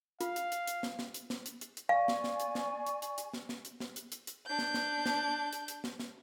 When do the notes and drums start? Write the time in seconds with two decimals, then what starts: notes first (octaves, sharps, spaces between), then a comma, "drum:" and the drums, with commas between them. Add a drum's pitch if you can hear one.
0.21 F4 F5, drum: hi-hat
0.36 drum: hi-hat
0.52 drum: hi-hat
0.67 drum: hi-hat
0.83 drum: snare
0.99 drum: snare
1.14 drum: hi-hat
1.30 drum: snare
1.46 drum: hi-hat
1.61 drum: hi-hat
1.77 drum: hi-hat
1.89 D5 F5 G#5 C#6
2.08 drum: snare
2.24 drum: snare
2.40 drum: hi-hat
2.55 drum: snare
2.87 drum: hi-hat
3.02 drum: hi-hat
3.18 drum: hi-hat
3.33 drum: snare
3.49 drum: snare
3.65 drum: hi-hat
3.80 drum: snare
3.96 drum: hi-hat
4.12 drum: hi-hat
4.27 drum: hi-hat
4.47 D4 G6
4.59 drum: snare
4.74 drum: snare
5.06 drum: snare
5.53 drum: hi-hat
5.68 drum: hi-hat
5.84 drum: snare
5.99 drum: snare